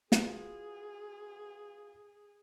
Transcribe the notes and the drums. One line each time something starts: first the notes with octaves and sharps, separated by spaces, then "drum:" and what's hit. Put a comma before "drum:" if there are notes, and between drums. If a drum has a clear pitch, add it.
F4 F#4 G#4 B4, drum: snare